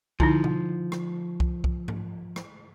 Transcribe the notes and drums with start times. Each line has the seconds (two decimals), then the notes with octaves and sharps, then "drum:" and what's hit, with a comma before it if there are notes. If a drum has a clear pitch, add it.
0.20 D3 F3 D#4 E4, drum: kick C2
0.44 drum: tom B2
0.92 drum: rim click
1.40 drum: kick C2
1.64 drum: kick C2
1.88 drum: tom G#2
2.36 drum: rim click